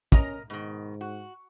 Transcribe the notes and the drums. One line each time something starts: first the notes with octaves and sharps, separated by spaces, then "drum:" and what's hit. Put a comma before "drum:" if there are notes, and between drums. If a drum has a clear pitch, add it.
C#4 A#4 D#5 A#5, drum: kick
G#2 B2 D#3
F#4